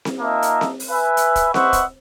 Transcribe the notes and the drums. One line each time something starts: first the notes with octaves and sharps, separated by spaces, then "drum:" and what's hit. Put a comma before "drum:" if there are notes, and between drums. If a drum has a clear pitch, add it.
drum: snare C4
A#3 D#4 F4 A#4 E5 A5
drum: hi-hat
drum: snare C4
drum: open hi-hat
B4 E5 G#5
drum: hi-hat
drum: kick, hi-hat
B4 C5 D#5 E5 F#5 C#6, drum: snare C4
drum: kick, hi-hat